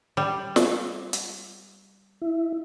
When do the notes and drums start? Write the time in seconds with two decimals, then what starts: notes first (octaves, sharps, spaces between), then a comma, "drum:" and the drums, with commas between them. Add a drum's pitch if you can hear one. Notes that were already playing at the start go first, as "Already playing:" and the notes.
0.17 G3
0.56 drum: snare
1.13 drum: hi-hat
2.22 E4